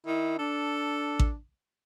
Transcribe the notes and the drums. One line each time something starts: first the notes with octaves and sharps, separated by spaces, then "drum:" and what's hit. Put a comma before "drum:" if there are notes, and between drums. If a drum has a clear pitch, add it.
D#3 E4
D4 A4
drum: kick A1